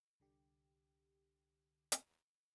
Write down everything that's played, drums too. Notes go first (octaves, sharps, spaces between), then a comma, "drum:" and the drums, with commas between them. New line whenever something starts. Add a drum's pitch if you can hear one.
C2 D3 G4
drum: hi-hat